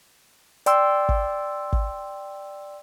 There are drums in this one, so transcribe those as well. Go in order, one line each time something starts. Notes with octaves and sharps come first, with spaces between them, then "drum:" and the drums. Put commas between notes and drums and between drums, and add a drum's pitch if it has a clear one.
D5 G5 C6 E6, drum: hi-hat
drum: kick
drum: kick